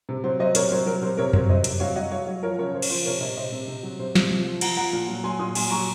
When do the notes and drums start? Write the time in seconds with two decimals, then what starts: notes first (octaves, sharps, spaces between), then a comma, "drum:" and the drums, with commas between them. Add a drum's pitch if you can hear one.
0.09 C3
0.24 F#3 C5
0.39 F#3 C5 D#5
0.55 C3 A#4 C#5, drum: hi-hat
0.72 F#3 C5
0.86 F#3 A#4
1.02 C3 C5
1.17 C3 A#4 C#5
1.33 F#3 C5, drum: tom F2
1.49 F#3 C5 D#5
1.64 C3, drum: hi-hat
1.80 F#3 C#5 F5
1.95 F#3 D#5 F#5
2.11 F#3 C#5 F5
2.27 F#3
2.43 F3 A#4 C#5
2.58 C#3 A#4 C#5
2.74 C#3 C5
2.82 C#5, drum: cymbal
2.90 F3 C5
3.05 C3 A#4 C#5
3.20 C3 C5 D#5
3.37 C3 C5 D#5
3.52 C3
3.68 C3
3.83 F#3
3.99 C3 C5
4.15 C3, drum: snare
4.30 F3
4.45 F3
4.61 F3 F#5 A#5, drum: cymbal
4.77 F3 F#5 A#5
4.93 A#2
5.08 F#3
5.24 F#3 G#5 C6
5.39 A#2 C6 D#6
5.55 F#3 G#5 C6, drum: cymbal
5.71 F#3 A#5 C#6